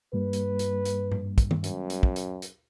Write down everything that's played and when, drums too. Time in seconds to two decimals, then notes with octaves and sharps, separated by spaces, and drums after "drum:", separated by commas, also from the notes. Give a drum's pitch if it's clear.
0.13 G2 G3 A#3 B4
0.33 drum: hi-hat
0.59 drum: hi-hat
0.85 drum: hi-hat
1.12 drum: tom G#2
1.38 drum: kick, hi-hat
1.51 drum: tom D#3
1.64 F#2, drum: hi-hat
1.90 drum: hi-hat
2.03 drum: kick
2.16 drum: hi-hat
2.42 drum: hi-hat